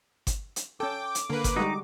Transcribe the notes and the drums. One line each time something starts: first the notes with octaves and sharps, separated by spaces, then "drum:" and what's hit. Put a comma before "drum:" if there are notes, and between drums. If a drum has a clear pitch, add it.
drum: kick G1, hi-hat
drum: hi-hat
C#4 A4 G5 D6
drum: hi-hat
D3 A#3 B4
drum: kick G1, hi-hat
G3 G#3 D#4 F#4